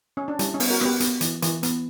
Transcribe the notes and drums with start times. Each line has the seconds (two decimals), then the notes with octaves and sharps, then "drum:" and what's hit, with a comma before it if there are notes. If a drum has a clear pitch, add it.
0.17 C#4
0.28 D4
0.39 G3 C#4 E4, drum: hi-hat
0.54 C#4
0.60 B3, drum: open hi-hat
0.70 F#4 A#4
0.81 B3 G4 B4, drum: rim click
1.00 B3, drum: hi-hat
1.21 E3, drum: hi-hat
1.42 E3, drum: hi-hat
1.63 B3, drum: hi-hat